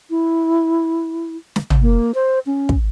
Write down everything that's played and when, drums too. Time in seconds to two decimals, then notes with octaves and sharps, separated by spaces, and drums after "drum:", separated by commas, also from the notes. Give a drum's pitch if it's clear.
0.10 E4
1.56 drum: snare
1.70 drum: tom
1.82 A#3
2.15 C5
2.46 C#4
2.69 drum: kick